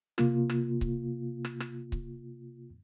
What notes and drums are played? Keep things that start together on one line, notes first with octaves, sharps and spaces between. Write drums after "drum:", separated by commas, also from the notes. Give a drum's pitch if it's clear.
C3 A#3 F4, drum: rim click
drum: rim click
drum: kick C#1
drum: rim click
drum: rim click
drum: kick C#1